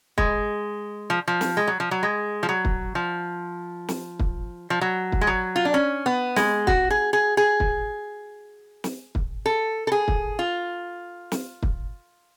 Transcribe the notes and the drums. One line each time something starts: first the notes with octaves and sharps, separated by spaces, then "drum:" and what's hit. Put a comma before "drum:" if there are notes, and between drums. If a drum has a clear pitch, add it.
G#3, drum: kick
F3
F3
drum: snare
G#3
F#3
F3
F#3
G#3
F3
F#3
drum: kick
F3
drum: snare
drum: kick
F3
F#3
drum: kick
G#3
F#3
F4
D4
C#4
B3
G#3, drum: snare
F#4, drum: kick
G#4
G#4
G#4
drum: kick
drum: snare
drum: kick
A4
A4
G#4
drum: kick
F4
drum: snare
drum: kick